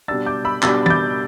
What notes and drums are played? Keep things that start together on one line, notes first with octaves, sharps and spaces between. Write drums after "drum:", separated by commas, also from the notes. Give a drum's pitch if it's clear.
B2 G3 D4 E6 A6
D6 G6
B5 E6
B2 G3 D4 E6 A6, drum: clap
A6, drum: tom
D6 G6